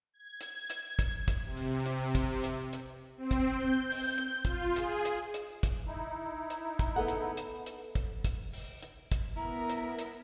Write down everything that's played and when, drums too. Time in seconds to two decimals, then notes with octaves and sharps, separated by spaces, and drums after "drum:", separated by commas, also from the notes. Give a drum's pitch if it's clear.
0.13 G#6
0.41 drum: hi-hat
0.70 drum: hi-hat
0.99 drum: kick, hi-hat
1.28 drum: kick, hi-hat
1.44 C3
1.57 drum: open hi-hat
1.86 drum: hi-hat
2.15 drum: kick, hi-hat
2.44 drum: hi-hat
2.73 drum: hi-hat
3.18 C4
3.31 drum: kick, hi-hat
3.52 G6
3.92 G6, drum: open hi-hat
4.18 drum: hi-hat
4.45 F4, drum: kick, hi-hat
4.76 G#4, drum: hi-hat
5.05 drum: hi-hat
5.34 drum: hi-hat
5.63 drum: kick, hi-hat
5.87 D#4 E4
6.50 drum: hi-hat
6.79 drum: kick, hi-hat
6.96 B3 A4 F#5
7.08 drum: hi-hat
7.37 drum: hi-hat
7.66 drum: hi-hat
7.95 drum: kick, hi-hat
8.24 drum: kick, hi-hat
8.53 drum: open hi-hat
8.83 drum: hi-hat
9.12 drum: kick, hi-hat
9.37 B3 E4 A#4 A#5
9.70 drum: hi-hat
9.99 drum: hi-hat